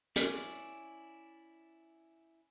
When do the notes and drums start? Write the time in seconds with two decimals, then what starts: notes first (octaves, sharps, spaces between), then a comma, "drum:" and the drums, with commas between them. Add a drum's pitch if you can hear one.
0.16 C#4 E4 D5, drum: hi-hat